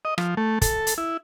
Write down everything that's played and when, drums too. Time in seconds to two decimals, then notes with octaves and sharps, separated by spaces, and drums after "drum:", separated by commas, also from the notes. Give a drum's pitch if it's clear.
0.05 D#5
0.18 F3, drum: rim click
0.37 A3
0.62 A4, drum: kick, hi-hat
0.87 drum: hi-hat
0.98 E4